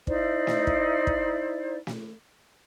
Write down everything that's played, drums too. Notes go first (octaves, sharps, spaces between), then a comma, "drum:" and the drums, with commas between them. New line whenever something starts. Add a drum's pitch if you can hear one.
D#4 E4 C5 D5, drum: kick
drum: snare
drum: kick
drum: kick
drum: snare